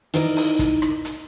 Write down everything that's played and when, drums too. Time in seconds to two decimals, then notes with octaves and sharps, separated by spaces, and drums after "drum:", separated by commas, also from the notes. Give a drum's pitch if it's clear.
0.14 D#4 E4 A#4 C5 D5 D#5, drum: hi-hat
0.36 drum: open hi-hat
0.59 drum: kick, hi-hat
0.82 drum: rim click
1.05 drum: hi-hat